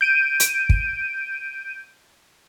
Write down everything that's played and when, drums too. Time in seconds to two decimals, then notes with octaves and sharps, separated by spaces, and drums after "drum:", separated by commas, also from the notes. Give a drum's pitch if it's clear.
0.01 G6 D7 D#7
0.40 drum: hi-hat
0.69 drum: kick